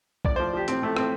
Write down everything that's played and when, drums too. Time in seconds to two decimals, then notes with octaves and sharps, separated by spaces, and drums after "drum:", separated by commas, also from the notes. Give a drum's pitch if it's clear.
0.25 A2 D5, drum: kick A#1
0.36 F3 C5
0.53 F3 G4
0.68 A2 C4, drum: hi-hat
0.82 A2 A3
0.97 A2 C4, drum: rim click